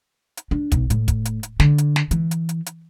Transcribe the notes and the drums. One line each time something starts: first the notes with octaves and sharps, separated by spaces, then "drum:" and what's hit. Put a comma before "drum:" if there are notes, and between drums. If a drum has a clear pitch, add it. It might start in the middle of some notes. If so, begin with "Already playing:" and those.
drum: hi-hat
D4
B1, drum: kick, hi-hat
A2, drum: hi-hat
drum: kick, hi-hat
drum: hi-hat
drum: hi-hat
D3, drum: snare
drum: hi-hat
drum: snare
E3, drum: hi-hat
drum: hi-hat
drum: hi-hat
drum: hi-hat